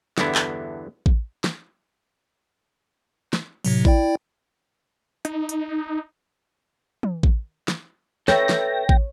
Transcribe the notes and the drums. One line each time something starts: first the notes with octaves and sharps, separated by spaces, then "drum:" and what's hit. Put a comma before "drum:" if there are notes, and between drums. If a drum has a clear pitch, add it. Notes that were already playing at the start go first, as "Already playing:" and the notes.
E2 G2 D3 B3 E4, drum: snare
drum: clap
drum: kick A1
drum: snare
drum: snare
A2 C3 F#3, drum: open hi-hat
E4 D5 G5, drum: kick A1
D#4, drum: hi-hat
drum: hi-hat
drum: tom
drum: kick A1
drum: snare
A4 B4 C#5 E5 G5 A#6, drum: snare
drum: snare
drum: kick A1